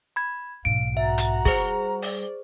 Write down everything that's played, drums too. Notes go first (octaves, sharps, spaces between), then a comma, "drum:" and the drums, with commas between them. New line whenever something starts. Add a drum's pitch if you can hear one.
B5 G#6
B1 G#2 F5 D7
F#4 E5 A#5
drum: hi-hat
G3 G#4 C5, drum: kick, open hi-hat
D5, drum: open hi-hat